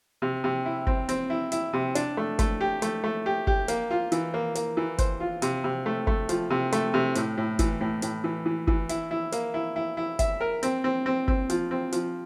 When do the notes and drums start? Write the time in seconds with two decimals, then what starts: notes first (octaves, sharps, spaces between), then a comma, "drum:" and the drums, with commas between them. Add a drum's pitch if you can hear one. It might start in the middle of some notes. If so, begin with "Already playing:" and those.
0.22 C3
0.44 C3
0.65 E4
0.87 C4, drum: kick G1
1.09 C4, drum: hi-hat
1.30 E4
1.52 E4, drum: hi-hat
1.73 C3
1.95 D4, drum: hi-hat
2.17 A3
2.39 A3, drum: kick G1, hi-hat
2.60 G4
2.82 A3, drum: hi-hat
3.04 A3
3.26 G4
3.47 G4, drum: kick G1
3.68 A#3, drum: hi-hat
3.91 F4
4.12 E3, drum: hi-hat
4.34 A#3
4.55 A#3, drum: hi-hat
4.77 E3
4.98 C5, drum: kick G1, hi-hat
5.20 F4
5.42 C3, drum: hi-hat
5.64 C3
5.86 A3
6.07 A3, drum: kick G1
6.29 F3, drum: hi-hat
6.50 C3
6.72 A3, drum: hi-hat
6.94 C3
7.15 A2, drum: hi-hat
7.37 A2
7.59 E3, drum: kick G1, hi-hat
7.81 A2
8.02 A2, drum: hi-hat
8.24 E3
8.46 E3
8.67 E3, drum: kick G1
8.89 E4, drum: hi-hat
9.11 E4
9.32 A#3, drum: hi-hat
9.54 E4
9.76 E4
9.97 E4
10.19 E5, drum: kick G1, hi-hat
10.41 A#4
10.63 C4, drum: hi-hat
10.84 C4
11.06 C4
11.28 C4, drum: kick G1
11.50 F3, drum: hi-hat
11.71 C4
11.92 F3, drum: hi-hat